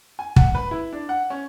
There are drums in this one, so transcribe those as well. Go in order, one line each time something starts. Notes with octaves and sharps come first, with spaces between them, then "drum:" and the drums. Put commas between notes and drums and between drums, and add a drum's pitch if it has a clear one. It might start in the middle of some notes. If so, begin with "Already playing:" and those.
G#5
F#5, drum: kick
B4
E4
D4
F#5
C#4